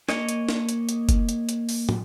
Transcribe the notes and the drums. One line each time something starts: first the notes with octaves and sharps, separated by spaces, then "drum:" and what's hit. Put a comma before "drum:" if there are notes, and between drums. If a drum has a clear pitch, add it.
A#3 C#5 D#5 G#5, drum: snare D4
drum: hi-hat
drum: snare D4
drum: hi-hat
drum: hi-hat
drum: kick F#1, hi-hat
drum: hi-hat
drum: hi-hat
drum: open hi-hat
drum: tom